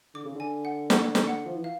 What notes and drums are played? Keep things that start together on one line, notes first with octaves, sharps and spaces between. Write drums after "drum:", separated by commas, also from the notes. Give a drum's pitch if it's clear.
D3 D6
C#3
D3
G#5
F#5
F#5, drum: snare
drum: snare
F#5
F3
E3
F5